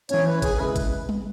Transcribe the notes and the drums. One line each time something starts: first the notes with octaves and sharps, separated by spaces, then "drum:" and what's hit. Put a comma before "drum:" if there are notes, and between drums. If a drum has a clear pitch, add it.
E3 C#4 E4 C#5, drum: hi-hat
B4
G#4, drum: kick, hi-hat
C#3 G#3 E4 B4
drum: kick, hi-hat
drum: tom G3